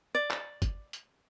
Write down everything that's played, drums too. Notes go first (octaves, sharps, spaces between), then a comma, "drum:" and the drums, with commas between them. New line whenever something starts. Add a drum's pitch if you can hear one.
D5
drum: clap
drum: kick, hi-hat
drum: hi-hat